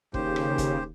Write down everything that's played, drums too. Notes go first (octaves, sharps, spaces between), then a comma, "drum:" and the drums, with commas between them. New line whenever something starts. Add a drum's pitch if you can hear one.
D#2 C#3 G4 C5, drum: kick
drum: rim click
drum: kick, hi-hat